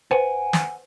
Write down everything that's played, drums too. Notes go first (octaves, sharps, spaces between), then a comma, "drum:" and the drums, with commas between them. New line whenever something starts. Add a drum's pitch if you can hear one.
B4 C5 F#5 G#5
drum: snare